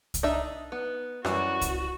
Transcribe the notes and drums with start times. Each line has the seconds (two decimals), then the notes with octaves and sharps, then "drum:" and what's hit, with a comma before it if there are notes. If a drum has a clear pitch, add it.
0.14 drum: kick C2, hi-hat
0.23 D4 D#4 E5
0.72 B3
1.25 F#2 E3 G3 F#4, drum: rim click
1.61 drum: kick C2, hi-hat